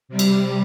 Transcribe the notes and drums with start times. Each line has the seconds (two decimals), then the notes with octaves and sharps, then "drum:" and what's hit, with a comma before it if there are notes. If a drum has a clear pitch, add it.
0.09 C3 G3
0.19 drum: cymbal